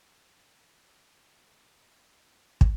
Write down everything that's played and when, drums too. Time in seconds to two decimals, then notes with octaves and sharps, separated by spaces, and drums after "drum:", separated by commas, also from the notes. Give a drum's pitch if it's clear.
1.23 G#4
1.54 C4
2.61 drum: kick